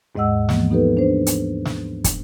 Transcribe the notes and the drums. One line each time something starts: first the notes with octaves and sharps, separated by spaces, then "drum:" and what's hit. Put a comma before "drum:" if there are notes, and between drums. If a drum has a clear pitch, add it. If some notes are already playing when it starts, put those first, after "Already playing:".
D#2 G#2 G#3 D#5 F#5 E6
E3 F3 A#3 B3, drum: snare
B3 D#4 G4 A4 B4
D4 C5
drum: hi-hat
drum: snare
drum: kick, hi-hat